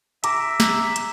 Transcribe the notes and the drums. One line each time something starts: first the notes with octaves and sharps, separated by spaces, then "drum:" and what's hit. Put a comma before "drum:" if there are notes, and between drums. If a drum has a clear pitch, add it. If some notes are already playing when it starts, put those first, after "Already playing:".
E5 A#5 D6, drum: hi-hat
drum: snare
drum: hi-hat